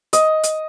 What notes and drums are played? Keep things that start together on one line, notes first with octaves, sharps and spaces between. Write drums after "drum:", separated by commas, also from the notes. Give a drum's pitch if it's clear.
D#5, drum: hi-hat
drum: hi-hat